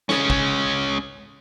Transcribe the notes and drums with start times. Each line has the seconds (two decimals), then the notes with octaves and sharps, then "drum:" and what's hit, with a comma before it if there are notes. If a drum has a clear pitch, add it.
0.09 G#3 C#4, drum: snare
0.30 drum: kick